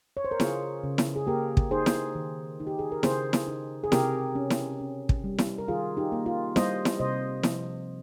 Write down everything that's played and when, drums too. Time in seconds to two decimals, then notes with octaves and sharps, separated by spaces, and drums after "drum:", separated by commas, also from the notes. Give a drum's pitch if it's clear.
0.17 C#5
0.25 C5
0.31 A#4
0.40 C#3 F4 G#4, drum: snare E4
0.83 C#3
0.98 drum: snare E4
1.16 G#4
1.27 A#3 G4 A#4
1.57 drum: kick
1.71 D#4 G#4 C5
1.86 drum: snare E4
2.15 D#3
2.60 D#4
2.67 G4
2.79 G#4
2.92 A#4
3.03 C#3 G#4 C5, drum: snare E4
3.33 drum: snare E4
3.47 D#4
3.84 G#4
3.92 C3 G4 A#4, drum: snare E4
4.35 C#4
4.50 drum: snare E4
4.80 C#4
5.09 drum: kick
5.24 G3
5.38 drum: snare E4
5.58 A#4
5.68 D#3 F4 G#4
5.97 D#4 G4
6.12 A#3
6.26 F4
6.56 G3 C5 D#5, drum: snare E4
6.85 drum: snare E4
6.99 C3 C5 D#5
7.43 F3, drum: snare E4